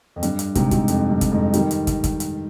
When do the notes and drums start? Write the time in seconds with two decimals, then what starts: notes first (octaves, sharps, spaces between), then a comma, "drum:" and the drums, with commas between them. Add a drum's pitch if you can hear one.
0.16 F2
0.23 G2, drum: hi-hat
0.39 drum: hi-hat
0.55 G#2 C3, drum: kick, hi-hat
0.71 G#2 C3, drum: kick, hi-hat
0.88 F2, drum: hi-hat
1.10 G2
1.21 drum: kick, hi-hat
1.32 F2 G#2
1.54 D#3 G3, drum: hi-hat
1.71 drum: hi-hat
1.87 drum: kick, hi-hat
2.04 drum: kick, hi-hat
2.20 drum: hi-hat